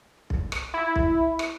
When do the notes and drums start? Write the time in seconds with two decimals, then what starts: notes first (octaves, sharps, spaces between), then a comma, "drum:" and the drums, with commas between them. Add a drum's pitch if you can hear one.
0.30 drum: kick B1
0.52 drum: rim click
0.74 E4
0.96 drum: kick B1
1.39 drum: rim click